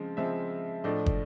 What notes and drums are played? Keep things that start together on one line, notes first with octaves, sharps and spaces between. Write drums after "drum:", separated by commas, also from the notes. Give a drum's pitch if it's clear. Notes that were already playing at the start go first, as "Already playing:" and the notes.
Already playing: C#3 F3 G#3 C4
C#3 F3 G#3 C4 E5
A2 F3 A3 D4 D#5
drum: kick